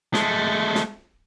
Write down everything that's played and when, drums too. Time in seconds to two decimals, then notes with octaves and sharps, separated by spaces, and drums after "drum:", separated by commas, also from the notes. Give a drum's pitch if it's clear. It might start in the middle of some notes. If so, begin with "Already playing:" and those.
0.14 G#3 A3, drum: snare
0.75 drum: snare